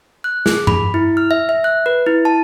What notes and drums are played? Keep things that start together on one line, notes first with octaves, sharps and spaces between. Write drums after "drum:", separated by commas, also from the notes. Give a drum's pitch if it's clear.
F#6
G#4, drum: snare
B5, drum: tom G2
E4
F6
E5
E5
F#6
B4
E4
A5